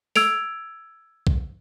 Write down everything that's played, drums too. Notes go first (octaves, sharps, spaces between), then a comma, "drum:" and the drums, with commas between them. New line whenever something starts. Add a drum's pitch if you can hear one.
E6 G#6 D7 F7, drum: open hi-hat
drum: kick B1